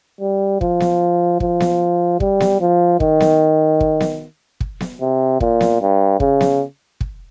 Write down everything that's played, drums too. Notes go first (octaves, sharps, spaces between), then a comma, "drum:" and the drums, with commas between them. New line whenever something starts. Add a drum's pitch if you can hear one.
G3
F3, drum: kick
drum: snare B3
F3, drum: kick
drum: snare B3
G3, drum: kick
drum: snare B3
F3
D#3, drum: kick
drum: snare B3
drum: kick
drum: snare B3
drum: kick
drum: snare B3
C3
A#2, drum: kick
drum: snare B3
G2
C#3, drum: kick
drum: snare B3
drum: kick